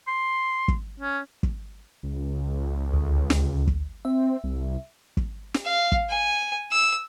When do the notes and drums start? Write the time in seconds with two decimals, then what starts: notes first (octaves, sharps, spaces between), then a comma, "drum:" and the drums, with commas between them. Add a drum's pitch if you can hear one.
0.07 C6
0.68 drum: kick
1.00 C#4
1.43 drum: kick
2.03 C#2
2.93 D2
3.30 drum: snare
3.67 drum: kick
4.05 C4 E5
4.44 C2
5.17 drum: kick
5.54 drum: snare
5.65 F5
5.92 drum: kick
6.10 G#5
6.72 E6